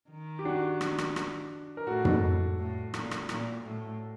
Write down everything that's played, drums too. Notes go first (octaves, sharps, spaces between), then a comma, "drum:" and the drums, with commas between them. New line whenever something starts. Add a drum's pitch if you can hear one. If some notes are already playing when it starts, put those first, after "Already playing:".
D#3
G4
D4 F#4
drum: rim click
drum: rim click
drum: rim click
A#4
A2 F#4 A4
drum: tom
A2
A#2, drum: rim click
drum: rim click
A#2, drum: rim click
A2